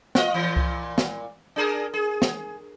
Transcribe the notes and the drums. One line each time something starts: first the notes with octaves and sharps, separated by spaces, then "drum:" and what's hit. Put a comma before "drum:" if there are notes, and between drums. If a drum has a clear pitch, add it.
F4 D#5, drum: snare
A#2 E3
drum: kick C2
drum: snare
D4 G#4 A#4
G#4
drum: snare